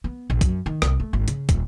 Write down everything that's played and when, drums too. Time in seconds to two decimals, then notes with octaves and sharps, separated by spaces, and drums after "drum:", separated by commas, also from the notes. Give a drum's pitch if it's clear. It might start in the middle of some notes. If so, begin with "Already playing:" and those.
0.04 B3
0.30 A#1
0.41 F#2, drum: kick, hi-hat
0.66 D#3
0.82 C2, drum: rim click
1.00 A3
1.13 G#1
1.28 C#3, drum: hi-hat
1.49 D#1, drum: kick, hi-hat